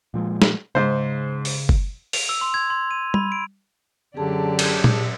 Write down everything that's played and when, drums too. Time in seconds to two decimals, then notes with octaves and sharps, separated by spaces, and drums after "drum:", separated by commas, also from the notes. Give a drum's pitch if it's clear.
0.14 A#2 F3 G#3
0.42 drum: snare
0.75 G#2 C#3 C5
1.45 drum: open hi-hat
1.69 drum: kick F#1
2.13 F7, drum: open hi-hat
2.29 E6
2.41 C6
2.54 G#6
2.70 C6
2.91 D#7
3.14 B5, drum: tom G3
3.32 D7
4.17 F#2 D3 G4 G#4 D5 A5
4.59 drum: cymbal
4.84 drum: tom A#2